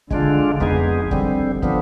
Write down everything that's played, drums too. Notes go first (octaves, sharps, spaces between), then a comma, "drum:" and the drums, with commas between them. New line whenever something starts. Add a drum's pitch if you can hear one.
D3 G#3 D4 F4, drum: kick
F2 G#3 B3 D#4 G#4, drum: kick
D3 G3 C4, drum: kick
D3 F3 B3, drum: kick